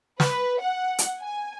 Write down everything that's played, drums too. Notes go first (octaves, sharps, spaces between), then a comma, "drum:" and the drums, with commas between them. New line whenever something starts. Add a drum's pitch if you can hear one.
B4, drum: snare
F#5
drum: hi-hat
G#5